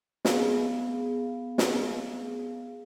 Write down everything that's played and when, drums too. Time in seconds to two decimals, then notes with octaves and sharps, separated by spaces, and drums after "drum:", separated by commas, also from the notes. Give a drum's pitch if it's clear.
0.25 B3 G#4 F5, drum: snare
1.58 drum: snare